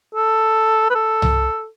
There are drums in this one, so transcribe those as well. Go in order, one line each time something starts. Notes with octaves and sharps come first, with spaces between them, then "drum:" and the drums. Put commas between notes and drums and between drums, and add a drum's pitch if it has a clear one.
A4
B4
A4
drum: tom C2